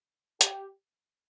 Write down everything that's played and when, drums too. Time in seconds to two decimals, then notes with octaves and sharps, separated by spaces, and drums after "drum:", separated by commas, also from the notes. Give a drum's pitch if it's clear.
0.41 G4, drum: hi-hat